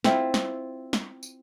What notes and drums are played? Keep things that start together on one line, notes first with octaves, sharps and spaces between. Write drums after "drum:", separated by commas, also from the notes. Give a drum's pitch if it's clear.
C4 E4 F4, drum: snare
drum: snare
drum: snare
drum: tambourine